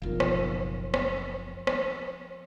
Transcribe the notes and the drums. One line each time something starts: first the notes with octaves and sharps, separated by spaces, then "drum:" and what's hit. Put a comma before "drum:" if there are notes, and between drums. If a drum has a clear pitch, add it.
F#1 B1 F3 F4 A#4
drum: rim click
drum: rim click
drum: rim click